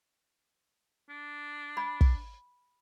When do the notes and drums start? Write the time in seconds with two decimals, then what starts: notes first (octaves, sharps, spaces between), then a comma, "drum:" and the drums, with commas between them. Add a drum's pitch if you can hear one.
1.09 D4
1.77 B5
2.01 drum: kick